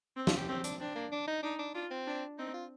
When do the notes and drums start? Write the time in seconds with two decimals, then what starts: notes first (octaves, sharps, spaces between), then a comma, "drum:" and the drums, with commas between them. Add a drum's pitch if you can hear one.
0.17 C4
0.27 F4, drum: snare
0.38 G4
0.49 C4 G4
0.64 D4, drum: hi-hat
0.80 C4 D4
0.95 A#3
1.12 D4
1.28 D#4
1.43 D4 D#4
1.59 D4
1.74 D4 F4
1.91 C4
2.07 D4
2.38 C4 D#4
2.54 F4